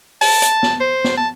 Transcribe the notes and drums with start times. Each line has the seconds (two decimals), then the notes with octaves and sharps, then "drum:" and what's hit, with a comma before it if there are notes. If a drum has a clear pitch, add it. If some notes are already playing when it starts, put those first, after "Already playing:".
0.21 A5, drum: open hi-hat
0.42 drum: hi-hat
0.63 drum: snare
0.80 C5
1.04 drum: snare
1.17 A5